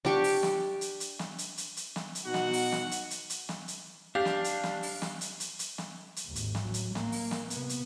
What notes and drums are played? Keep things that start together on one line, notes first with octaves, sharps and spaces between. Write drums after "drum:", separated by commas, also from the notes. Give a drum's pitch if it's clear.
D4 G4 C#6, drum: snare
drum: open hi-hat
drum: snare
drum: hi-hat
drum: hi-hat
drum: snare
drum: hi-hat
drum: hi-hat
drum: hi-hat
drum: snare
drum: hi-hat
B2 D#4 F#4 F#5
drum: snare
drum: open hi-hat
drum: snare
drum: hi-hat
drum: hi-hat
drum: hi-hat
drum: snare
drum: hi-hat
D4 G4 F5
drum: snare
drum: hi-hat
drum: snare
drum: open hi-hat
drum: snare
drum: hi-hat
drum: hi-hat
drum: hi-hat
drum: snare
drum: hi-hat
G#1 D#2
drum: hi-hat
drum: snare
A1 F#3
drum: hi-hat
A#3, drum: snare
drum: open hi-hat
drum: snare
C3 B3, drum: hi-hat
drum: hi-hat